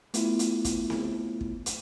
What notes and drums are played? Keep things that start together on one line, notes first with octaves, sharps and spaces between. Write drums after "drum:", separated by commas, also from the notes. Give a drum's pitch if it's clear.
A3 B3 E4 F4, drum: hi-hat
drum: hi-hat
drum: kick, hi-hat
drum: snare C4
drum: kick
drum: hi-hat